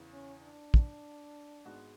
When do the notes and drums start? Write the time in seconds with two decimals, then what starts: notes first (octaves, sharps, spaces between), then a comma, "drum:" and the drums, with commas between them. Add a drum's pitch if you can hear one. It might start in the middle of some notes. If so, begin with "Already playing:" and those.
Already playing: E2 C#3 E3
0.13 C#4
0.43 D4
0.74 drum: kick
1.65 G#1 G#2 G#3 B3 F#4